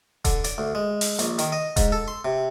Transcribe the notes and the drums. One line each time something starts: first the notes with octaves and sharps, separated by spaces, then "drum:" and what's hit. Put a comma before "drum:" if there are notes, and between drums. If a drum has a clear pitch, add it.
D3, drum: kick D#1, hi-hat
D5, drum: hi-hat
D2
G#3
drum: open hi-hat
A#1, drum: hi-hat
D#3, drum: hi-hat
D#5
G#2, drum: kick D#1, hi-hat
A4
C6
C3